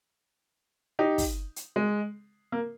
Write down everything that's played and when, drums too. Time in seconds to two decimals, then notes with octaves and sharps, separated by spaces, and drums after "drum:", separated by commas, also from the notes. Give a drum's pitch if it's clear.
0.99 D#4 G4
1.18 drum: kick, open hi-hat
1.56 drum: hi-hat
1.76 G#3
2.52 A#3